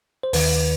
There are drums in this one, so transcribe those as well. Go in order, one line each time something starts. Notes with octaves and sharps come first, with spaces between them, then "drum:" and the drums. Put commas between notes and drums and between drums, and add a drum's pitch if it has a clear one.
C5
D#2 D#3 B4, drum: open hi-hat